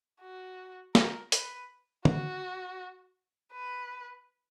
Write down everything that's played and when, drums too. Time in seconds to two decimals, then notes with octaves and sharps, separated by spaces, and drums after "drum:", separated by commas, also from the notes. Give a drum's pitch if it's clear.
0.21 F#4
0.95 A#4, drum: snare
1.32 B4, drum: hi-hat
2.05 F#4, drum: tom
3.52 B4